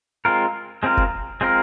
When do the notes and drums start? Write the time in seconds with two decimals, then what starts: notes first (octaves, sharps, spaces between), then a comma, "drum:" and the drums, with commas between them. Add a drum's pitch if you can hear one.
0.25 G#3 C4 F4 A#4
0.83 G#3 C4 F4 A#4
0.97 drum: kick F1
1.41 G#3 C4 F4 A#4